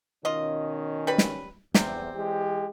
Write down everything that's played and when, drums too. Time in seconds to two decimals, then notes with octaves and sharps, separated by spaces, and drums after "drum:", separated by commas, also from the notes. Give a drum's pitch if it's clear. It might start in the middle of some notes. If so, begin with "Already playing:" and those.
0.25 B2 D#3 C#4 F4 D#5
1.07 G3 B4 B5
1.18 drum: snare
1.74 E2 C3 G3 C4, drum: snare
2.15 E3 G#3 G4